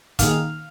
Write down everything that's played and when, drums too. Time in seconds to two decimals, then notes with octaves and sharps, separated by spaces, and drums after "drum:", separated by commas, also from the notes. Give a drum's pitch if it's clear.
0.19 D#3 A#3 D#4 G#4 F5, drum: kick, hi-hat